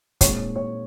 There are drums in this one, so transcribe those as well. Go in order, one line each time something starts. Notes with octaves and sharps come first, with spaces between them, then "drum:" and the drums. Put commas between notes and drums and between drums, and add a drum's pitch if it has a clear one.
A#2 G#3 C4 D#4 C#5, drum: kick, hi-hat
C#5